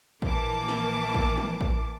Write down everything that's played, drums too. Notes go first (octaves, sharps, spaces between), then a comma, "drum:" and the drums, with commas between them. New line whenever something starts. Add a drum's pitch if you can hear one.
A#1 E3 A#3 A5 D6, drum: kick A1
drum: snare
drum: kick A1
drum: tom
drum: kick A1